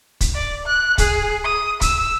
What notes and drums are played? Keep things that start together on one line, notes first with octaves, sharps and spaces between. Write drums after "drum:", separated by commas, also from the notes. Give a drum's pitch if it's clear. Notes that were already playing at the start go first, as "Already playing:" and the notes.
drum: kick, hi-hat
D5
F#6
G#4, drum: kick, hi-hat
D#6
E6, drum: kick, hi-hat